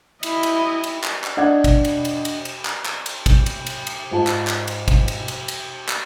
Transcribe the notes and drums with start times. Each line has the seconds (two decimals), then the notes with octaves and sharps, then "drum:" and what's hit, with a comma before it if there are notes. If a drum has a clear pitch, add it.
0.23 E4 D#5, drum: cymbal
0.43 drum: cymbal
0.84 drum: cymbal
1.04 drum: clap
1.24 drum: clap
1.37 D4 D#5 F#5 G#6
1.64 drum: kick G#1, cymbal
1.85 drum: cymbal
2.05 drum: cymbal
2.25 drum: cymbal
2.45 drum: cymbal
2.65 drum: clap
2.86 drum: clap
3.06 drum: cymbal
3.26 drum: kick G#1, cymbal
3.46 drum: cymbal
3.66 drum: cymbal
3.87 drum: cymbal
4.11 G#2 F4 A5
4.27 drum: clap
4.47 drum: clap
4.67 drum: cymbal
4.88 drum: kick G#1, cymbal
5.08 drum: cymbal
5.28 drum: cymbal
5.48 drum: cymbal
5.89 drum: clap